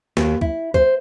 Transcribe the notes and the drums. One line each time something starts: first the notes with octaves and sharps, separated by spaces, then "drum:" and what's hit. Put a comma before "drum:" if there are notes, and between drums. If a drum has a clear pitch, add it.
D#2, drum: snare
E4, drum: kick
C5, drum: kick